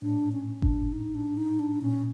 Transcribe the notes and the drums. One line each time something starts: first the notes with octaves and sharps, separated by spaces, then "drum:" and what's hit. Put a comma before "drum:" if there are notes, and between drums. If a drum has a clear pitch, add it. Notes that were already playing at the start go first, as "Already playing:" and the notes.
A2 D4
C#4
D4, drum: kick G1
D#4
D4
D#4
D4
A#2 C#4